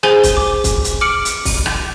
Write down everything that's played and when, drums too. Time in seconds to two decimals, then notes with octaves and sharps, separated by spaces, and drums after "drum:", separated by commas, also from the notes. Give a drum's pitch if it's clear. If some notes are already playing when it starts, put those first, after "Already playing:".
0.03 G#4 C5 G#5 G7, drum: rim click
0.23 drum: kick, hi-hat
0.37 D6
0.64 drum: kick, hi-hat
0.84 drum: hi-hat
1.01 D6 F6 C#7 D7 F#7
1.25 drum: hi-hat
1.45 drum: kick, open hi-hat
1.66 drum: rim click